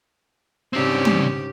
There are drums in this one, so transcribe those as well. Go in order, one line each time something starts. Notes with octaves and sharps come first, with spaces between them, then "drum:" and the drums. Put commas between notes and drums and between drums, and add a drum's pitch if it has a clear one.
G#2 C#3 C4 D4 G4
drum: tom